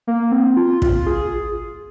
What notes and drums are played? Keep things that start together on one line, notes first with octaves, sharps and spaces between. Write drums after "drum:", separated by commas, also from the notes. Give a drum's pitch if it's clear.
A#3
C4
F4
F4, drum: kick
G#4